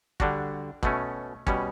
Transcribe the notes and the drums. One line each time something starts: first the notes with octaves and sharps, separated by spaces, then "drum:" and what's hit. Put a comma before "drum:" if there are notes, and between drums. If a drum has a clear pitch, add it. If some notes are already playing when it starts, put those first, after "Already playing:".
D3 G3 D4 F#4, drum: kick
B2 A3 C#4, drum: kick
B2 G3 C#4, drum: kick